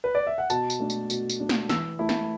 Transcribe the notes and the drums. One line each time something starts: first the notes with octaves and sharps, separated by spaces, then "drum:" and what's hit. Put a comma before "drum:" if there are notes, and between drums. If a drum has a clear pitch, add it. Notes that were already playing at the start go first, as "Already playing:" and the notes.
B4
D5
E5
F#5
B2 A5, drum: tambourine
drum: tambourine
A3 D4
drum: tambourine
B2, drum: tambourine
drum: tambourine
A3 D4
drum: snare
E3 E6, drum: snare
A3 E4
drum: snare